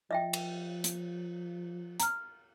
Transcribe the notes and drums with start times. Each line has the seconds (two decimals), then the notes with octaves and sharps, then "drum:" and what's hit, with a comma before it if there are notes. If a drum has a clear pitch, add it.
0.11 F3 D#5 E5 G5
0.33 drum: cymbal
0.84 drum: hi-hat
2.00 A#5 F6, drum: hi-hat